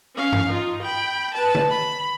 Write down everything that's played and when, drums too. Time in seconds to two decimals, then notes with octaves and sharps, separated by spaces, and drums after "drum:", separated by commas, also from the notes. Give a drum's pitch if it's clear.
0.16 C#4 F5
0.33 drum: tom G2
0.49 D#4 F4
0.82 G5 B5
1.34 B4 A5
1.55 drum: tom D3
1.70 B5